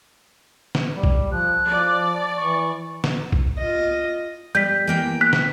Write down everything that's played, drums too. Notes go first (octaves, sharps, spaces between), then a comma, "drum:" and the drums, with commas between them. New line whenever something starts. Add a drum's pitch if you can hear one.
drum: snare
G3
drum: kick
F3 F#6
F3 D5
E3 C#6
drum: snare
drum: kick
F4 D#5
G3 G6 B6
E3 A#3 G5
F#6 B6
drum: snare